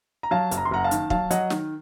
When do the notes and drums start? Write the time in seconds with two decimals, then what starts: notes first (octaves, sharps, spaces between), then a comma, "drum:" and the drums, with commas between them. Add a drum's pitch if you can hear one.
0.23 A#5
0.31 F#3 F5 A5
0.51 F#1, drum: hi-hat
0.58 A#5
0.65 C6
0.71 F#1 F#5 A#5
0.84 F5 A5
0.91 D#3, drum: hi-hat
1.10 F#3 F5 A5, drum: kick
1.31 F#3 D#5 F#5, drum: hi-hat
1.50 D#3, drum: snare